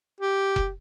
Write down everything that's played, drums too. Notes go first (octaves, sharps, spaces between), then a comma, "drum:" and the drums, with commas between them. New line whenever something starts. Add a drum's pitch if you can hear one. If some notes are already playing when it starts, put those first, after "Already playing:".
G4
drum: kick F1